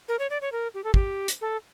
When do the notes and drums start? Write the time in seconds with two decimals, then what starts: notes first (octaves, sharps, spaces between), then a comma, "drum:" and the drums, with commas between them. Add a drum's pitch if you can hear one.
0.08 A#4
0.19 C#5
0.30 D5
0.41 C#5
0.52 A#4
0.74 G4
0.84 A4
0.94 G4, drum: kick
1.28 drum: hi-hat
1.41 A4